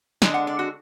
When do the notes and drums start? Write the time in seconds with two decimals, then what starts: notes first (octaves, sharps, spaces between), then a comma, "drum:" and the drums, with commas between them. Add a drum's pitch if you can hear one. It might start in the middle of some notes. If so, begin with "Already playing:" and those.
0.22 D3 G#3 D4 G#5, drum: snare
0.34 F#5
0.47 D5
0.59 F#4